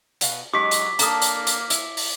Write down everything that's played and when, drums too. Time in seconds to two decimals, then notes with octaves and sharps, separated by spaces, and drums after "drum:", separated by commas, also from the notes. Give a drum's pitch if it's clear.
0.21 B2 B3 F5, drum: hi-hat
0.54 F#3 G#3 C#4 D#4 G4 D6 B6
0.71 drum: hi-hat
0.99 A#3 D4 A4 A#5 D#6, drum: hi-hat
1.22 drum: hi-hat
1.47 drum: hi-hat
1.70 E4, drum: hi-hat
1.97 drum: open hi-hat